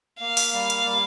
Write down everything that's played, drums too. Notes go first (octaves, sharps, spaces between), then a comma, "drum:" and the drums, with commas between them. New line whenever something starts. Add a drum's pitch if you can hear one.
A#3 F5
drum: open hi-hat
G3
drum: hi-hat
G3